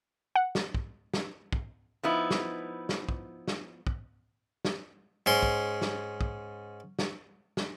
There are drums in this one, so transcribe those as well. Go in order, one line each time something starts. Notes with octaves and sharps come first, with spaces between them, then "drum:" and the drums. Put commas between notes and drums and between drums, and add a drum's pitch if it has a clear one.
F#5
drum: snare
drum: kick
drum: snare
drum: kick
F3 B3 D#4 E4
drum: snare
drum: snare
drum: kick
drum: snare
drum: kick
drum: snare
G#2 C#4 C6
drum: kick
drum: snare
drum: kick
drum: snare
drum: snare